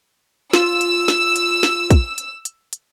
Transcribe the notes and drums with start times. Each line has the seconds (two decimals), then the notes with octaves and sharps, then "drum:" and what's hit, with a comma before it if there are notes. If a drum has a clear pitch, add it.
0.53 F4 E6, drum: snare
0.81 drum: hi-hat
1.08 drum: snare
1.36 drum: hi-hat
1.63 drum: snare
1.90 drum: kick, hi-hat
2.18 drum: hi-hat
2.45 drum: hi-hat
2.73 drum: hi-hat